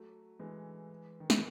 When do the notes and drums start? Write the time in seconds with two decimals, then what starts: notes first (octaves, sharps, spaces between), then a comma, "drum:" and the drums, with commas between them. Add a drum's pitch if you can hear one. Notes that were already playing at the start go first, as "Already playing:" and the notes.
Already playing: F#3 A3
0.39 E3 G#3
1.20 D#3
1.30 E3, drum: snare